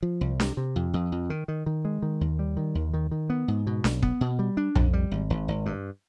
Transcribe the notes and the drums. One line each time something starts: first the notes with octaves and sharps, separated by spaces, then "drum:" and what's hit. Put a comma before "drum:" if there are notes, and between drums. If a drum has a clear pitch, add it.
F3
C2
C3, drum: snare D4
C3
F2
F2
F2
D#3
D#3
D#3
G#3
D#3
D#2
G3
D#3
D#2
D#3
D#3
B3
G#2
B2
B1, drum: snare D4
B3, drum: kick
B2
G3
D4
F2, drum: tom B1
G3
G#1
G#1
G#1
G2